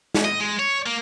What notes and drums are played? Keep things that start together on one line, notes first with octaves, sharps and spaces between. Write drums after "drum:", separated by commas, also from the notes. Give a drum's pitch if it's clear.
drum: snare
D#5
G#3
C#5
A#3